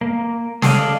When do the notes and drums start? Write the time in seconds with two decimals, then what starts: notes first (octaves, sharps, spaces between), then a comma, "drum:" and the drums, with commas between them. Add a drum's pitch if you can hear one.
0.01 A#3
0.62 G#4 A4 D5 D#5 F5, drum: snare